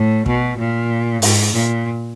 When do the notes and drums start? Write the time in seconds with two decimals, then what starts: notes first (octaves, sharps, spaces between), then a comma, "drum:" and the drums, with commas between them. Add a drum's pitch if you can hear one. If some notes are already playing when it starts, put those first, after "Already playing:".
Already playing: A2
0.26 B2, drum: kick
0.58 A#2
1.22 G#2, drum: open hi-hat
1.54 A#2